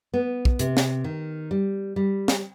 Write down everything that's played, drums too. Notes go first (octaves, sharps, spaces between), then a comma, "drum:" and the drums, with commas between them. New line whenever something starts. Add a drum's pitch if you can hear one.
B3
drum: kick
C3, drum: hi-hat
drum: snare
D#3
G3
G3
drum: snare